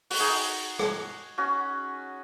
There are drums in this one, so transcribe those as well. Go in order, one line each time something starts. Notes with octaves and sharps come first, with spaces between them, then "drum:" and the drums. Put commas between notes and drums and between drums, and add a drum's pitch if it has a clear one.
F#4, drum: open hi-hat
D#4 G#4
drum: rim click
C#4 F#4